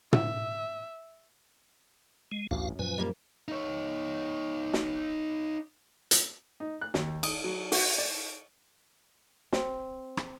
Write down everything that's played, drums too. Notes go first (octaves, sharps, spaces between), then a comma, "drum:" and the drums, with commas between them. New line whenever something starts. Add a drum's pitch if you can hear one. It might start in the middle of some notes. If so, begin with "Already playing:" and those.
E5, drum: tom
G#3
A1 D2 G2 F#4 F5
F#2 A#2 F3 B4 G#5
G3 A#3
D#4 C#5
drum: snare
drum: hi-hat
D#4
F#6
D#2, drum: snare
D#6, drum: cymbal
F#3
F#4, drum: open hi-hat
D5
C4, drum: snare
drum: rim click